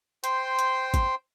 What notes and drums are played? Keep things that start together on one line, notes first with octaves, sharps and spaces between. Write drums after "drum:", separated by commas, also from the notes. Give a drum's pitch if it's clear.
C5 G5 C6, drum: hi-hat
drum: hi-hat
drum: kick G#1, hi-hat